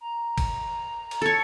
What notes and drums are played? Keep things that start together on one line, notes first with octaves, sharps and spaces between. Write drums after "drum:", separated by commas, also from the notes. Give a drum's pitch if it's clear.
A#5
drum: kick, cymbal
drum: cymbal
A4 C#5 A6